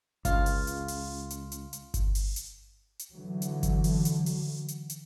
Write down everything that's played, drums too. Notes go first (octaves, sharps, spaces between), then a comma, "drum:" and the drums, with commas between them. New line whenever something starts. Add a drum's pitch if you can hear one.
C#2 F4, drum: kick G1, hi-hat
drum: open hi-hat
drum: hi-hat
drum: open hi-hat
drum: hi-hat
drum: hi-hat
drum: hi-hat
drum: kick G1, hi-hat
drum: open hi-hat
drum: hi-hat
drum: hi-hat
D3 E3 F#3
drum: hi-hat
drum: kick G1, hi-hat
drum: open hi-hat
drum: hi-hat
drum: open hi-hat
drum: hi-hat
drum: hi-hat